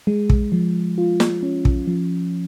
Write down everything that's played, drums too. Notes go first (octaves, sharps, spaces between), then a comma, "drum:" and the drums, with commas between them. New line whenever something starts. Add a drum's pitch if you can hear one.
G#3
drum: kick
F3
F4
drum: snare
C#4
drum: kick
F3